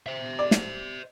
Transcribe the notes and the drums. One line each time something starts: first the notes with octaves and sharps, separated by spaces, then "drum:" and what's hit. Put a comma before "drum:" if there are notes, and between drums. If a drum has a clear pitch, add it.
C5 E5
D5
drum: snare